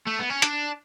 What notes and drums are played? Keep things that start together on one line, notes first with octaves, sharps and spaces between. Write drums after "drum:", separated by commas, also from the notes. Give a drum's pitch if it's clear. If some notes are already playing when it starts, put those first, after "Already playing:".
A3
B3
C#4
D4, drum: hi-hat